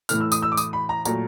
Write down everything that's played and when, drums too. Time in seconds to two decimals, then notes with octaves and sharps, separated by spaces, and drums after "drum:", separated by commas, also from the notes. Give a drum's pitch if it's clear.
0.09 A2 E3 A3 F6, drum: tambourine
0.21 E6
0.32 D#6, drum: tambourine
0.42 E6
0.52 D6
0.57 D#6, drum: tambourine
0.73 B5
0.89 A#5
1.05 A#2 F#3 A3 A#5, drum: tambourine